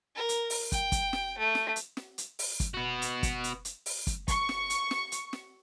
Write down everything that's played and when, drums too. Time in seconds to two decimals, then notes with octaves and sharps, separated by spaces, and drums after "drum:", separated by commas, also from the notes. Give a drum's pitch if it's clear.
0.16 A#4
0.29 drum: hi-hat
0.50 drum: open hi-hat
0.72 G5, drum: kick, hi-hat
0.92 drum: kick, hi-hat
1.13 drum: snare
1.39 A3
1.55 drum: snare
1.76 drum: hi-hat
1.97 drum: snare
2.18 drum: hi-hat
2.39 drum: open hi-hat
2.60 drum: kick, hi-hat
2.74 B3 F#4
3.02 drum: hi-hat
3.23 drum: kick, hi-hat
3.44 drum: hi-hat
3.65 drum: hi-hat
3.86 drum: open hi-hat
4.07 drum: kick, hi-hat
4.28 C#6, drum: kick, hi-hat
4.49 drum: snare
4.70 drum: hi-hat
4.91 drum: snare
5.12 drum: hi-hat
5.33 drum: snare